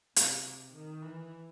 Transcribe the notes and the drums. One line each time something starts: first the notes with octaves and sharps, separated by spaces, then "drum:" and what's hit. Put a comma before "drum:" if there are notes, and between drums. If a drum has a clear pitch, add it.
C3, drum: hi-hat
D#3
E3